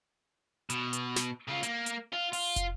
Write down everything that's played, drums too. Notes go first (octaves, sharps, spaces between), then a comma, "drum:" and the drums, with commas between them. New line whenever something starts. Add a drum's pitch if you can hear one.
B2, drum: hi-hat
drum: hi-hat
drum: snare
C#3 F4
A#3, drum: hi-hat
drum: hi-hat
F4
F4, drum: open hi-hat
drum: kick, hi-hat